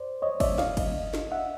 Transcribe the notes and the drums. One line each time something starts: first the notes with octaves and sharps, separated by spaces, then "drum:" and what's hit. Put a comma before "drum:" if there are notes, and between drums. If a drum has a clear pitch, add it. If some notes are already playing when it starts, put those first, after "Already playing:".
Already playing: C5 D5
C#5 D#5
D5 E5, drum: kick G1, cymbal
D#5 F5, drum: snare
drum: kick G1, cymbal
drum: snare
E5 F#5